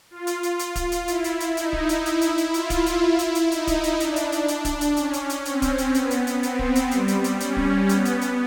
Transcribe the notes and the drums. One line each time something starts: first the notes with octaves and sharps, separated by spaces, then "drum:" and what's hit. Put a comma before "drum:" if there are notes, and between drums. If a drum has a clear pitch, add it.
F4
drum: hi-hat
drum: hi-hat
drum: hi-hat
drum: kick D1, hi-hat
drum: hi-hat
E4, drum: hi-hat
drum: hi-hat
drum: hi-hat
D#4, drum: hi-hat
drum: kick D1
drum: hi-hat
E4, drum: hi-hat
drum: hi-hat
drum: hi-hat
F4, drum: hi-hat
drum: kick D1, hi-hat
drum: hi-hat
E4
drum: hi-hat
drum: hi-hat
D#4, drum: hi-hat
drum: kick D1, hi-hat
drum: hi-hat
D4, drum: hi-hat
drum: hi-hat
drum: hi-hat
D4, drum: hi-hat
drum: kick D1, hi-hat
drum: hi-hat
C#4, drum: hi-hat
drum: hi-hat
drum: hi-hat
C4, drum: hi-hat
drum: kick D1, hi-hat
drum: hi-hat
B3, drum: hi-hat
drum: hi-hat
drum: hi-hat
C4, drum: hi-hat
drum: kick D1
drum: hi-hat
G3, drum: hi-hat
drum: hi-hat
drum: hi-hat
C#4, drum: hi-hat
drum: kick D1
B3, drum: hi-hat
drum: hi-hat
drum: hi-hat